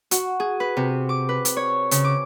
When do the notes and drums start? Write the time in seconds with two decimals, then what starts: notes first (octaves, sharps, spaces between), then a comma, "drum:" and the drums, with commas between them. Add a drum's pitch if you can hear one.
0.11 F#4, drum: hi-hat
0.40 G#4
0.60 B4
0.77 C3
1.09 D6
1.29 B4
1.45 drum: hi-hat
1.57 C#5
1.91 C#3, drum: hi-hat
2.04 D6